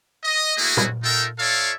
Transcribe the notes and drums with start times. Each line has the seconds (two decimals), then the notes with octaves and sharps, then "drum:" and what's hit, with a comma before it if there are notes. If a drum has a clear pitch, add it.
0.24 D#5
0.58 A3 A#3 E4 F#4 G#4
0.77 drum: tom
1.03 D#4 F4 A4 A#4 E5 G5
1.39 F4 A4 C#5 D5 E5 F5